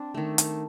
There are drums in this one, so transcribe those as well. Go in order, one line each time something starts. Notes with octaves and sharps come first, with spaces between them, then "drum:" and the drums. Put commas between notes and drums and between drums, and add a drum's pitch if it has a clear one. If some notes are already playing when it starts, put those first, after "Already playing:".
Already playing: C4 D4
D#3 A3
drum: hi-hat